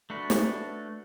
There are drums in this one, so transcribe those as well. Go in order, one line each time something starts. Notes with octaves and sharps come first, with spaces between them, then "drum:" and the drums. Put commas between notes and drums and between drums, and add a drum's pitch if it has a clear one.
A3 D4 F#4 B4
drum: snare